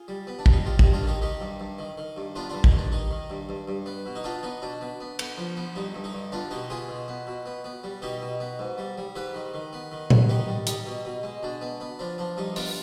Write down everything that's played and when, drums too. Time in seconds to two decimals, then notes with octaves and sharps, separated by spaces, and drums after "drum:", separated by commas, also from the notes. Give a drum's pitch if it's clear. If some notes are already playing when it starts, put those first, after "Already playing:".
Already playing: F4 G#4
0.08 G3
0.27 B3
0.39 D4
0.46 G3, drum: kick A1
0.52 D#4
0.65 G3 F4
0.79 G2 D#4 G4, drum: kick A1
0.93 D4 F4
1.03 D#3 D#4 G4
1.21 D#3 D#4 G4
1.41 G2
1.60 G2
1.79 D#3
1.98 D#3
2.17 G2
2.35 B3 D4 F4
2.49 G2 D4 F4
2.64 D#4, drum: kick A1
2.73 D#3 D4
2.92 D#3 D#4
3.11 D#3
3.30 G2
3.49 G2
3.68 G2
3.86 B3
4.06 B2
4.16 D#4
4.24 B3 D4 F4
4.43 B3 D#4
4.62 B2 D4
4.81 B3
5.00 B3
5.19 B3, drum: cymbal
5.37 F3
5.57 B3
5.76 G2 D#4
5.94 G2
6.04 D#4
6.13 G2
6.32 B3 D4 F4
6.51 B2 D#4 G4
6.70 B3 F4 G#4
6.89 B2
7.08 B3
7.27 B2
7.46 B3
7.64 B3
7.84 G3
8.02 B2 D#4 G4
8.21 B2
8.40 B3
8.59 G#2
8.78 G3
8.98 G3
9.15 G#2 G4 B4
9.35 D#3
9.54 D#3
9.73 B3
9.92 D#3
10.10 B3, drum: tom A2
10.29 D#3 D#4 G4
10.48 G3
10.67 G3 D#4, drum: hi-hat
10.86 B2
11.05 B2
11.23 G#3
11.43 B2 D4
11.61 B3
11.80 B3
11.99 F3 D4
12.18 F3 D4
12.37 G2 D#4
12.56 B3 D4 F4, drum: open hi-hat